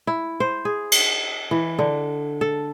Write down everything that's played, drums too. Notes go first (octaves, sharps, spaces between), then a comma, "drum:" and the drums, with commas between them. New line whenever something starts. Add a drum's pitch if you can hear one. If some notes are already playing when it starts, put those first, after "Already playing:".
E4
C5
G#4
drum: cymbal
E3
D3
A4